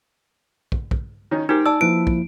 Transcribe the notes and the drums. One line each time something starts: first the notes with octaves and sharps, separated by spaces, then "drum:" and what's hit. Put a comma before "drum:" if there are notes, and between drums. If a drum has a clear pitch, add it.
drum: kick
drum: kick
D#3 C#4 D#4
D#4 G4 A#4 C5
D5 A5 E6
F3 A#3 E4 B4 D7
drum: kick